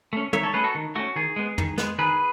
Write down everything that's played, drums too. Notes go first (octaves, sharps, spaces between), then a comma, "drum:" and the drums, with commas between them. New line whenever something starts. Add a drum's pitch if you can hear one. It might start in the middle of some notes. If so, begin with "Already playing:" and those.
A3 C#4
D#3 C#5 E5, drum: tom
A4 C#5
A3 C#4 G#4 B4
F#4 A4
D#3
A3 C#4 F#4
D#3 G#4
G#3 B3
D#3, drum: tom
G#3 B3, drum: snare
D#3 G#4 B4